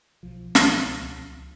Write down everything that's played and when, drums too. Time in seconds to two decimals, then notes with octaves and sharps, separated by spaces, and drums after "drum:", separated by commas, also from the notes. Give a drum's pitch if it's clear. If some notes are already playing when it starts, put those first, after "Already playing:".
0.23 B1 F3
0.55 B1, drum: snare
0.86 C#2
1.18 C#2